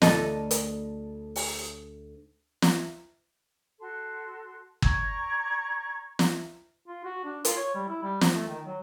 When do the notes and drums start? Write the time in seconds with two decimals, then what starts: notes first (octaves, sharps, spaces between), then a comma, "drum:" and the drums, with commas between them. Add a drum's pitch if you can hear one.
0.02 D2 A4 D#5, drum: snare
0.51 drum: hi-hat
1.36 drum: open hi-hat
2.62 drum: snare
3.79 F#4 A4 C6
4.82 D5 A#5 C#6 G#6, drum: kick
6.19 drum: snare
6.86 F4
7.04 F#4
7.25 D4
7.45 F4, drum: hi-hat
7.57 C#5
7.75 G3
7.88 E4
8.03 G3
8.21 F3, drum: snare
8.34 A3
8.49 D#3
8.65 F#3